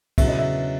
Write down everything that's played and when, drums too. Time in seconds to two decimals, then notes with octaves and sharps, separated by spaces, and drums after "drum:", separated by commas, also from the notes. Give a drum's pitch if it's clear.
0.18 E2 C#3 F#3 E5, drum: kick, cymbal
0.28 D#5
0.39 E5